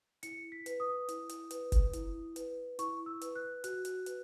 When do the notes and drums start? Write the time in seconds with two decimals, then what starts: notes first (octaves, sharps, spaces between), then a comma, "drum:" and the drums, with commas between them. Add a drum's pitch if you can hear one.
0.23 E4 C#7, drum: hi-hat
0.52 B6
0.66 B4, drum: hi-hat
0.80 D#6
1.09 E4, drum: hi-hat
1.29 drum: hi-hat
1.51 B4, drum: hi-hat
1.72 drum: kick F#1, hi-hat
1.93 E4, drum: hi-hat
2.36 B4, drum: hi-hat
2.79 E4 C#6, drum: hi-hat
3.06 E6
3.21 B4, drum: hi-hat
3.35 F#6
3.64 F#4 F#6, drum: hi-hat
3.85 drum: hi-hat
4.06 B4, drum: hi-hat